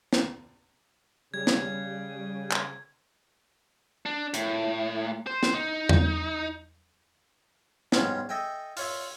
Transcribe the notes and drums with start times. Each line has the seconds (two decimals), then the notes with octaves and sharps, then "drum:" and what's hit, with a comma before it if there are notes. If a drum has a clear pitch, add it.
0.13 drum: snare
1.34 C#3 G3 G#6
1.47 drum: snare
2.52 drum: clap
4.06 D4
4.34 A2, drum: hi-hat
5.27 C5
5.43 drum: snare
5.54 D#4
5.89 drum: tom E2
7.92 G#2 F3 G3 B3 C#4, drum: snare
8.29 A4 D#5 E5 G5 G#5
8.77 F4 C#5 E5, drum: open hi-hat